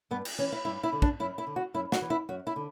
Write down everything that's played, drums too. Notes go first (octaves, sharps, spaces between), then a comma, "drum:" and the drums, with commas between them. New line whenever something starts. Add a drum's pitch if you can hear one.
G2 B3
drum: cymbal
E3 C#4
E4
G2 E4
E4
D3
D4, drum: kick
F#2 E4
E4
D3
F#4
F#2 E4
F#4, drum: snare
E3
E4
F#2 F#4
E4
D3